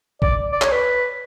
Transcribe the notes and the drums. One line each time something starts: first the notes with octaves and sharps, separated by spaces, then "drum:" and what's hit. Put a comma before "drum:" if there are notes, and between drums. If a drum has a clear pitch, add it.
D5, drum: kick
D5
C#5, drum: clap
B4